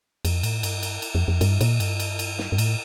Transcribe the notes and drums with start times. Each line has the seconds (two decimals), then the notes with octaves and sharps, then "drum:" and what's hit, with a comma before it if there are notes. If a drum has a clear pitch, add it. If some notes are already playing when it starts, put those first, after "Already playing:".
0.25 F2, drum: cymbal
0.43 A2, drum: cymbal
0.63 G2, drum: cymbal
0.83 drum: cymbal
1.02 drum: cymbal
1.15 F2
1.28 F2
1.41 G2, drum: cymbal
1.61 A#2, drum: cymbal
1.80 G2, drum: cymbal
2.00 drum: cymbal
2.19 drum: cymbal
2.39 drum: snare
2.52 G2
2.58 A2, drum: cymbal